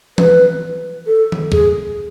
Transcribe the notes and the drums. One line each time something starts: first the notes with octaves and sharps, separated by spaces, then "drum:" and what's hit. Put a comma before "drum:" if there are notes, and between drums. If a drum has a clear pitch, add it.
B4, drum: tom E3
A4
drum: tom D#3
G#4, drum: kick